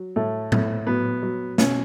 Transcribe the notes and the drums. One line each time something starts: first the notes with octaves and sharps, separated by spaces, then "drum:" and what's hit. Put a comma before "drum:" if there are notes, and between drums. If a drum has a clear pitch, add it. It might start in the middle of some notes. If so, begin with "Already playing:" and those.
Already playing: F#3
A2 A3
A2, drum: tom A2
F#3 B3
F#3
B2 C#4, drum: snare